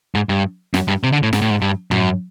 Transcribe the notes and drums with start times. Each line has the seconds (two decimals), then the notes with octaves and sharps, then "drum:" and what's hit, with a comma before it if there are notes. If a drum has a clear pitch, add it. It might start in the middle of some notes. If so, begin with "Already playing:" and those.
0.15 G#2
0.29 G2
0.74 F#2, drum: snare
0.88 G2
1.03 C3
1.12 D3
1.23 A2
1.33 G#2, drum: snare
1.42 A2
1.51 G#2
1.62 G2
1.91 F#2, drum: tom